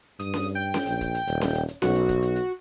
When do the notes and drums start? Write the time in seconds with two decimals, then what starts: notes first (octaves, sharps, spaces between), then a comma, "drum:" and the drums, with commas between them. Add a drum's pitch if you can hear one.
0.19 G2 D#6, drum: hi-hat
0.34 drum: snare C#4
0.55 G5
0.74 drum: snare C#4
0.86 A#1, drum: hi-hat
1.01 drum: kick, hi-hat
1.14 drum: hi-hat
1.27 D#1, drum: hi-hat
1.41 drum: snare C#4
1.55 drum: hi-hat
1.68 drum: hi-hat
1.82 B1 F#4, drum: snare C#4
1.95 drum: hi-hat
2.09 drum: kick, hi-hat
2.22 drum: hi-hat
2.36 drum: hi-hat